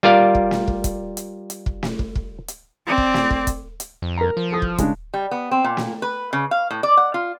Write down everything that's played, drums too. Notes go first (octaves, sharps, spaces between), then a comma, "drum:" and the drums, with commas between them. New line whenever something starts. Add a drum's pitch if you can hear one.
G3 F4 A#4 D5 F5
drum: kick
drum: snare
drum: kick
drum: kick, hi-hat
drum: hi-hat
drum: hi-hat
drum: kick
drum: snare
drum: kick
drum: kick
drum: hi-hat
C4 D5
drum: kick
drum: snare
drum: kick
drum: kick, hi-hat
drum: hi-hat
F2
A#4 A#5
F3
A4 D#6
drum: kick
C#3 G#3 D4, drum: kick, hi-hat
G3
B3
C4
A#2
drum: snare
B4
C#3
F5
A2
D5
F#5
F4